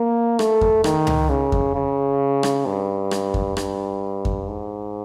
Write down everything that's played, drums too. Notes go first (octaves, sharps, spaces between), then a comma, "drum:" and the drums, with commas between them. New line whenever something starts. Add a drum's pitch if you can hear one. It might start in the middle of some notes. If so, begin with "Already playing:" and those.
Already playing: A#3
A3, drum: rim click
drum: kick F2
D#3, drum: rim click
drum: tom C#2
C#3
drum: kick F2
C#3
drum: rim click
G2
drum: rim click
drum: kick F2
G2, drum: rim click
drum: kick F2
G#2